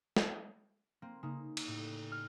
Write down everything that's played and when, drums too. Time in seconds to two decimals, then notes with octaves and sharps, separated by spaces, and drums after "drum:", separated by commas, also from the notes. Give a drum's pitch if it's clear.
0.16 drum: snare
1.02 A#3 C4
1.23 C#3 A#3 D#4
1.57 drum: cymbal
1.67 A2
2.12 F6